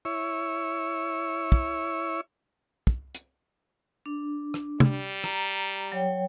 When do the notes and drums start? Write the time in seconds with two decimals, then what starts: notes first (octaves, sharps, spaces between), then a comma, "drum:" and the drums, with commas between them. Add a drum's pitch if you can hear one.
0.05 E4 C#5
1.52 drum: kick
2.87 drum: kick
3.15 drum: hi-hat
4.06 D4
4.54 drum: rim click
4.80 G3, drum: tom
5.24 A#5, drum: rim click
5.92 F#3 C#5 G5